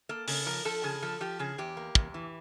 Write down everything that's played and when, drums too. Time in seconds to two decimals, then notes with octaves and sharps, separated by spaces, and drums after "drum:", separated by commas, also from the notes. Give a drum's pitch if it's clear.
0.09 A#3 A4
0.28 C#3 A4, drum: open hi-hat
0.46 F3 A#4
0.65 F3 A4
0.84 C#3 G#4
1.02 F3 A4
1.20 F3 G4
1.39 C#3 G#4
1.58 E2 G4
1.77 A#3
1.95 E2, drum: kick
2.14 E3